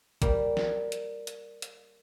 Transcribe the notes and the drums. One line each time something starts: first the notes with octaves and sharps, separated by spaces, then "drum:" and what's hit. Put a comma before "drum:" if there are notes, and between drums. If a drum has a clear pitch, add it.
G3 A#3, drum: kick A1, hi-hat
drum: snare
drum: hi-hat
drum: hi-hat
drum: hi-hat